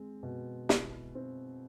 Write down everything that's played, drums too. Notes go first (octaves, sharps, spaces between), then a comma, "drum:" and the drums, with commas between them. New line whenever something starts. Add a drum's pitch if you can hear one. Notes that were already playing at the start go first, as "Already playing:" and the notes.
Already playing: G#3 C4
B2
E4, drum: snare
C4